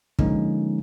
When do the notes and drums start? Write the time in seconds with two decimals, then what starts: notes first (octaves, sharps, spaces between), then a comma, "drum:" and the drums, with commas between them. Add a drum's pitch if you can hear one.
0.19 D3 F3 G#3 A#3 C#4 D#4, drum: kick